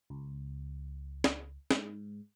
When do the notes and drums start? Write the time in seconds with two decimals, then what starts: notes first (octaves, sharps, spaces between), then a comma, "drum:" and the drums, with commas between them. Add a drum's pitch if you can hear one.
0.10 C#2
1.24 drum: snare
1.71 G#2, drum: snare